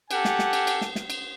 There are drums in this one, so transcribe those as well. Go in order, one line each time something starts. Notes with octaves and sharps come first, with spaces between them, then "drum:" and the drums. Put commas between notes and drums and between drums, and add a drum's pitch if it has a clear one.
G4 A4 F#5 G#5, drum: cymbal
drum: snare
drum: snare
drum: cymbal
drum: cymbal
drum: snare
drum: snare
drum: cymbal